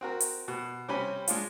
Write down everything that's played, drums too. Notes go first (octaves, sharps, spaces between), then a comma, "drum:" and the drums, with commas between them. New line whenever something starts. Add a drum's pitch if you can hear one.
C4 F#4 A#4
drum: hi-hat
B2
C3 G3 C4 C#4 G#5 B5
G#3 D4 F4, drum: hi-hat